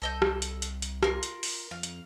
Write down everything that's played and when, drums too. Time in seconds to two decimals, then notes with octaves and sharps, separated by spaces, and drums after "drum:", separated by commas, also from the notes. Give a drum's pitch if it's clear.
0.02 C2 A4 D#5 G6
0.22 drum: rim click
0.42 drum: hi-hat
0.62 drum: hi-hat
0.82 drum: hi-hat
1.03 F4 A#4, drum: rim click
1.23 drum: hi-hat
1.43 drum: open hi-hat
1.71 F2 F5
1.83 drum: hi-hat